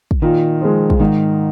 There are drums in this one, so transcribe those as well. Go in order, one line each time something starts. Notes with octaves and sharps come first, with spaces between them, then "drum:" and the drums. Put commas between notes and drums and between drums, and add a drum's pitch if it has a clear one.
drum: kick
A#2 D#3
F3 G#3
drum: kick
G#2 D#3